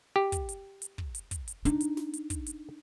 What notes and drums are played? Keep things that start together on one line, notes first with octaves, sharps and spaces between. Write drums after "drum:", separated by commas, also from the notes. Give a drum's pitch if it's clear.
G4
drum: kick, hi-hat
drum: hi-hat
drum: hi-hat
drum: kick
drum: hi-hat
drum: kick, hi-hat
drum: hi-hat
D4 D#4, drum: hi-hat
drum: hi-hat
drum: snare
drum: hi-hat
drum: kick, hi-hat
drum: hi-hat